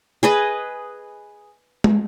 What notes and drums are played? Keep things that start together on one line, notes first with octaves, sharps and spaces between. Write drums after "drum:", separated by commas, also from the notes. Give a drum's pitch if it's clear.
G#4 B4 D#5
drum: tom G#3